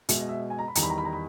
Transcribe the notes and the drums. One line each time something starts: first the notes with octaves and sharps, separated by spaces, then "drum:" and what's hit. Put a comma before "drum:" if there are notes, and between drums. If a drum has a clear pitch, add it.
B2 G#3 E5, drum: hi-hat
D#5
E5
G#5
A#5
B5
E2 D#3 G3 A#5, drum: hi-hat
B5
A#5
B5
A#5
B5